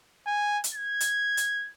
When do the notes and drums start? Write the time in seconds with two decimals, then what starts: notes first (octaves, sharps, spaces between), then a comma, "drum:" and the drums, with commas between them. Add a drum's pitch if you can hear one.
0.27 G#5
0.64 drum: hi-hat
0.75 G#6
1.00 drum: hi-hat
1.37 drum: hi-hat